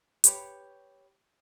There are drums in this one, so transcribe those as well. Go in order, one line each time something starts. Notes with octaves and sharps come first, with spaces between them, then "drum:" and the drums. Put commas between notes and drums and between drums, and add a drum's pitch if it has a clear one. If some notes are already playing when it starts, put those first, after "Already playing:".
G4 B4 C#5, drum: hi-hat